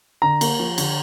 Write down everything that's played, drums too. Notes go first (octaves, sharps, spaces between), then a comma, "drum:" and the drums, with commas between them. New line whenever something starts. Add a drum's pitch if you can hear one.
D3 A#5
A#3, drum: cymbal
F3
D3, drum: cymbal